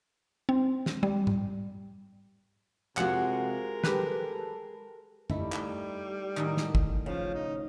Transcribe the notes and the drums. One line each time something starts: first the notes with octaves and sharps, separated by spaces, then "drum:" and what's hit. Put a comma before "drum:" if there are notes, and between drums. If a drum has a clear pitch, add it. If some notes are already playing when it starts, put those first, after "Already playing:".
C4
drum: snare
G3
drum: tom
C3 G#3 F4 F#4 A#4 F#5, drum: clap
G4 A4 B4, drum: snare
G3 A3 D#4 E4, drum: tom F#2
drum: clap
F#2 A2 D#3
drum: snare
drum: kick
C#3 F3
D#4